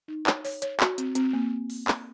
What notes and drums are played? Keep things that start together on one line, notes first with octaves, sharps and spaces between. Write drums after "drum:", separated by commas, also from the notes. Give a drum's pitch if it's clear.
D#4
C#5, drum: clap
C#5, drum: open hi-hat
C#5, drum: hi-hat
F#4, drum: clap
C4, drum: hi-hat
C4, drum: hi-hat
A#3
drum: open hi-hat
drum: clap